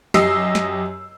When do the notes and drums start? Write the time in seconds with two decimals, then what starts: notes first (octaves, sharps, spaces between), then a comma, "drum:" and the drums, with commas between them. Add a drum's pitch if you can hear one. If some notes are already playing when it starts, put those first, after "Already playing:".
0.14 F#2 G4 D#5 E6 C7, drum: snare
0.55 drum: snare